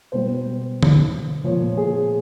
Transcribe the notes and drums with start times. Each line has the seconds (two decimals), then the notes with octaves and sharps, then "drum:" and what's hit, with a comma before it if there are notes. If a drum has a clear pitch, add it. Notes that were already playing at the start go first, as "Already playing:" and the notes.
0.12 B2 G3 C5
0.83 drum: tom D3
1.44 A#2 F3 C#5
1.77 G#4